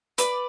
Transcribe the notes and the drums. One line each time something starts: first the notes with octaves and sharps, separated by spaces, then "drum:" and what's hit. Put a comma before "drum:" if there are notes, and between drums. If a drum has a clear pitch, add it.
B4 D5, drum: hi-hat